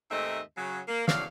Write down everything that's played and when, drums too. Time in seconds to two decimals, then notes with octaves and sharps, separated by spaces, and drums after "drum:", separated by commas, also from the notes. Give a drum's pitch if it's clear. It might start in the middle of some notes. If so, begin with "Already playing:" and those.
0.11 D#2 G#2 A3 C4 D#5 E5
0.57 C#3 F#3
0.88 A#3
1.08 E2 A2 F#3 D5 F5, drum: snare